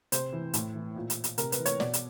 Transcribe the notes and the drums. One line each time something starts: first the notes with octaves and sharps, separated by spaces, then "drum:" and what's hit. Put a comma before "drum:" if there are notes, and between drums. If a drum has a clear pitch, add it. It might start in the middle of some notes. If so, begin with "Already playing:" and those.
C3 C5, drum: hi-hat
E3
A2, drum: hi-hat
E3
A#2
drum: hi-hat
drum: hi-hat
C3 A#4, drum: hi-hat
B4, drum: hi-hat
E3
C#5, drum: hi-hat
B2 D5, drum: snare
drum: hi-hat